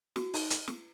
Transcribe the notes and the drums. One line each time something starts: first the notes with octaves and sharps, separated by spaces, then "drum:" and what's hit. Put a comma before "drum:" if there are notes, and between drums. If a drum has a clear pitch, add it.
F#4, drum: snare
D#4, drum: open hi-hat
drum: hi-hat
drum: snare